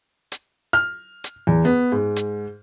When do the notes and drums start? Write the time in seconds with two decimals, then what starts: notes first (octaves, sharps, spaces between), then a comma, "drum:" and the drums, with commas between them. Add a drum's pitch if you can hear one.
0.32 drum: hi-hat
0.73 F6
1.24 drum: hi-hat
1.47 E2
1.65 B3
1.92 G#2
2.16 drum: hi-hat